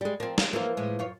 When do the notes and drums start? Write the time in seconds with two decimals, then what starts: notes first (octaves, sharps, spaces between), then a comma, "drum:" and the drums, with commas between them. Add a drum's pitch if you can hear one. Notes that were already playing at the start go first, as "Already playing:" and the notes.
0.01 G3 G#3
0.20 F3 C4 A#4
0.38 F5, drum: snare
0.53 E3 F3 A#3 F4 A#4
0.77 A2 G#3
0.99 F#2 F4 C#5